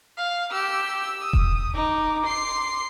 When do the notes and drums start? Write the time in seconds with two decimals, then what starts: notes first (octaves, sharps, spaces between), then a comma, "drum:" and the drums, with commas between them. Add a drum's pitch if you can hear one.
0.18 F5
0.52 G4 E6
1.22 D#6
1.33 drum: kick E1
1.75 D#4 D6
2.26 C6 C7